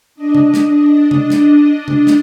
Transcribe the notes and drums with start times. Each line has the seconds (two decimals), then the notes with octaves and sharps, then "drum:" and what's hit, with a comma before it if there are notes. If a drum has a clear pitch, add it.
0.15 D4 D#5
0.35 drum: tom C3
0.54 drum: snare
1.11 drum: tom C3
1.30 drum: snare
1.88 drum: tom C3
2.07 drum: snare